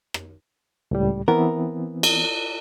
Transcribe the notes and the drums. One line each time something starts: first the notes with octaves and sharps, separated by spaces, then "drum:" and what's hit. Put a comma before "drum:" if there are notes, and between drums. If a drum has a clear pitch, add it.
drum: rim click
C#2 A2 G3
E3 B3 C4 A#4
drum: cymbal